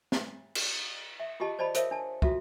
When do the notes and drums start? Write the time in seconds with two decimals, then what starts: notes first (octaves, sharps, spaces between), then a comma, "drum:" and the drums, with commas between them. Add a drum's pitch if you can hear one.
0.12 drum: snare
0.55 drum: cymbal
1.20 E5
1.40 F4 G4 G#4 D#5 A5
1.59 C5 D5 D#5 A5 B5
1.75 A4 A#4 C5 C#5 E5 F5, drum: hi-hat
1.91 D4 A5
2.22 F4 F#4 A4 E5, drum: kick